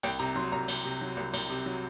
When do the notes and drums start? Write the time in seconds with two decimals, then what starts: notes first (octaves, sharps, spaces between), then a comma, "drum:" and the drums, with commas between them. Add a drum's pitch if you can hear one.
0.03 C2 G5, drum: cymbal
0.19 C3 A#5
0.35 F#3 C6
0.52 C2 A#5
0.68 C2, drum: cymbal
0.85 C3
1.01 F#3
1.17 C2
1.34 C2, drum: cymbal
1.50 C3
1.66 F#3